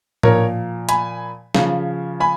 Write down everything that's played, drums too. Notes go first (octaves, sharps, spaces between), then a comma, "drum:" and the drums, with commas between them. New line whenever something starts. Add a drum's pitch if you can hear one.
A#2 F3 A#4 C#5, drum: tom A2
G#5 B5, drum: hi-hat
C#3 F3, drum: snare
G#5 B5